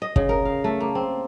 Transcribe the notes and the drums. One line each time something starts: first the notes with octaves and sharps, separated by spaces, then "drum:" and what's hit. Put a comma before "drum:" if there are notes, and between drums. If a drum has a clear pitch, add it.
D#5
C#3, drum: kick
A#4
F5
A3
A#3
C4